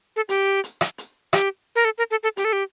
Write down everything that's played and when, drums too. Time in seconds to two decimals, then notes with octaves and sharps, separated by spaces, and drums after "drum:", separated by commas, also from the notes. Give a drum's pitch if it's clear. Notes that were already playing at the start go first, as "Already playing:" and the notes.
0.16 A4
0.29 G4, drum: hi-hat
0.64 drum: hi-hat
0.81 drum: rim click
0.98 drum: hi-hat
1.33 G4, drum: rim click
1.75 A#4
1.85 A4
1.98 A#4
2.11 A4
2.23 A4
2.37 G4, drum: hi-hat
2.45 A4
2.53 G4